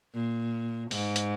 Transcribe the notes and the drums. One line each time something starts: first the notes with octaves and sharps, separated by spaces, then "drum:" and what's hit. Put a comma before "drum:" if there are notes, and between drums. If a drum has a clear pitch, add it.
A#2
G#2, drum: open hi-hat
drum: hi-hat